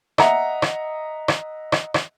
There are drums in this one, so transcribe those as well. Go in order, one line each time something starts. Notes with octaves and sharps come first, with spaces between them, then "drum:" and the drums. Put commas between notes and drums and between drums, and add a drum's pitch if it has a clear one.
D#5 E5 F#5 A#5, drum: rim click
drum: rim click
drum: rim click
drum: rim click
drum: rim click